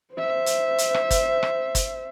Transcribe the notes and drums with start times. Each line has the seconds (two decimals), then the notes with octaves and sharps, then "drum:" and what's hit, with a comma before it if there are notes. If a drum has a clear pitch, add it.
0.14 C5 E5
0.46 drum: hi-hat
0.78 drum: hi-hat
0.94 drum: rim click
1.11 drum: kick, hi-hat
1.43 drum: rim click
1.75 drum: kick, hi-hat